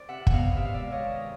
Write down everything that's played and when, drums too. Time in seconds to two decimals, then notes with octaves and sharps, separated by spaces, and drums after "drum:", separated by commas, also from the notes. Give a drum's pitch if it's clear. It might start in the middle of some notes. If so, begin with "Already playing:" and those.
Already playing: C5 D5
0.09 C3 E5 F#5
0.27 F#5, drum: kick
0.32 B3 D#5 F5
0.56 C3 E5
0.65 F5
0.74 D5 E5
0.80 G#3
0.92 C#5 D#5
1.04 D#3
1.16 D#5